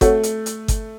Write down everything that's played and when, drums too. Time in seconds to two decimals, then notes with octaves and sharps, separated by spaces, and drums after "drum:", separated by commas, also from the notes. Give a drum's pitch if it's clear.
0.01 A3 C4 F#4 A4 C#5 F#5, drum: kick G1, hi-hat
0.23 drum: hi-hat
0.46 drum: hi-hat
0.68 drum: kick G1, hi-hat